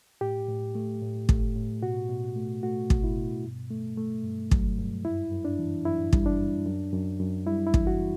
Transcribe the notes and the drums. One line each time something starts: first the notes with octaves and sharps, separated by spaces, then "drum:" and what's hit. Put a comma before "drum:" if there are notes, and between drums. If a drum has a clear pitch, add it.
A2 G4
A2
A3
A2
A3, drum: kick
A2
B2 F#4
B2
A3
A3 F#4
B2, drum: kick
E4
B2
G2
A3
A3
G2
F#3, drum: kick
G2
F#2 E4
F#2
D4
E3
F#2 E4
G3, drum: kick
D4
F#2
F#2
F#2
F#2
G3 E4
E4
E3, drum: kick
F#4